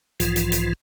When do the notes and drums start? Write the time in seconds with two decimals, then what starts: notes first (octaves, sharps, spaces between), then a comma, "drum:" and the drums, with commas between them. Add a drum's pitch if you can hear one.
0.20 B1 G#2 E3 F3 F4, drum: hi-hat
0.36 drum: hi-hat
0.52 drum: hi-hat